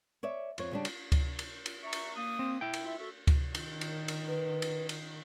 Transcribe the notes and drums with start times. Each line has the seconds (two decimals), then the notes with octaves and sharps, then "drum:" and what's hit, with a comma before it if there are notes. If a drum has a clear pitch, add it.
0.23 C#5 D5 E5
0.58 F2 C#5, drum: cymbal
0.71 C#3 G3 D4
0.85 drum: cymbal
1.12 drum: kick C#2, cymbal
1.39 drum: cymbal
1.66 drum: cymbal
1.84 E5 A#5 C#6
1.93 drum: cymbal
2.16 A#3 D#6
2.39 C4
2.61 E4 G5
2.74 drum: cymbal
2.85 F4 E5
2.99 F#4 A4 E5
3.27 drum: kick C#2, cymbal
3.55 D#3, drum: cymbal
3.81 drum: cymbal
4.08 drum: cymbal
4.28 B4
4.62 drum: cymbal
4.89 drum: cymbal